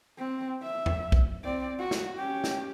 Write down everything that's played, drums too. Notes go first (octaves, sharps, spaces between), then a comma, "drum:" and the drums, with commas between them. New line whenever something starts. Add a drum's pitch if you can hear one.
C4
E5
drum: tom E2
drum: kick B1
C4 D5
F#4
drum: snare
C#4 G4
drum: snare